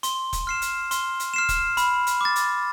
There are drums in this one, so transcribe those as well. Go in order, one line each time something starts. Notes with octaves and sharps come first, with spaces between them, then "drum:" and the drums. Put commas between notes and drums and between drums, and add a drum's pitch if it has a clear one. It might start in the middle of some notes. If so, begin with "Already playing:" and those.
C6, drum: hi-hat
drum: kick E1, hi-hat
F6 C7 E7
drum: hi-hat
C6, drum: hi-hat
drum: hi-hat
F6 C7 E7
drum: kick E1, hi-hat
B5, drum: hi-hat
drum: hi-hat
D6 A6
drum: hi-hat